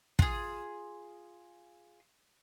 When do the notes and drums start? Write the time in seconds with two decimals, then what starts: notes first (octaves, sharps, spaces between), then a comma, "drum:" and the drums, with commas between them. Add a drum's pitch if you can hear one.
0.19 F4 G#4, drum: kick